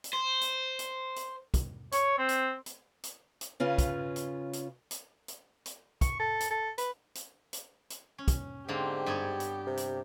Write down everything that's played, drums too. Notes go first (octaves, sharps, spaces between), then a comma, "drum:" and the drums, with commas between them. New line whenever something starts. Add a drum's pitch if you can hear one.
drum: hi-hat
C5
drum: hi-hat
drum: hi-hat
drum: hi-hat
drum: kick, hi-hat
C#5, drum: hi-hat
C4
drum: hi-hat
drum: hi-hat
drum: hi-hat
drum: hi-hat
C#3 C#4 F4 B4
drum: kick, hi-hat
drum: hi-hat
drum: hi-hat
drum: hi-hat
drum: hi-hat
drum: hi-hat
C#6, drum: kick, hi-hat
A4
drum: hi-hat
A4
B4, drum: hi-hat
drum: hi-hat
drum: hi-hat
drum: hi-hat
C#4
drum: kick, hi-hat
G#2 D3 A#3 C4 G4
G2 B3 C#5
drum: hi-hat
C3
drum: hi-hat